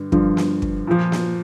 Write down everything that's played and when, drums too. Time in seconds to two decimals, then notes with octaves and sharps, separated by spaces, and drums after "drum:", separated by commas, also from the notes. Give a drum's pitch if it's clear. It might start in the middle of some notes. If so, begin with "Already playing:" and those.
Already playing: G2 D3
0.12 G2 D3 F3, drum: kick
0.37 drum: snare
0.62 drum: kick
0.87 A#2 F3
1.12 drum: snare